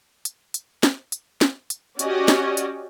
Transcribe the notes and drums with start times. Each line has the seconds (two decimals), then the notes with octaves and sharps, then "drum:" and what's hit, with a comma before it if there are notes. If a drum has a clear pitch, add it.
0.25 drum: hi-hat
0.54 drum: hi-hat
0.83 drum: snare
1.12 drum: hi-hat
1.41 drum: snare
1.70 drum: hi-hat
1.99 C#4 F#4 G4 D5 D#5, drum: hi-hat
2.28 drum: snare
2.57 drum: hi-hat